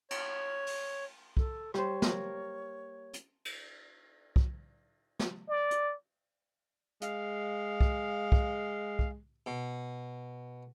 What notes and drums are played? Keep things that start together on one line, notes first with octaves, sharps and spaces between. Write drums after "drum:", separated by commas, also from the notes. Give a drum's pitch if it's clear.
C#5, drum: cymbal
drum: open hi-hat
A4, drum: kick
G3 C5 C#5, drum: rim click
A#3 A#4, drum: snare
drum: hi-hat
drum: cymbal
drum: kick
drum: snare
D5
drum: hi-hat
G#3 F5, drum: hi-hat
drum: kick
drum: kick
drum: kick
B2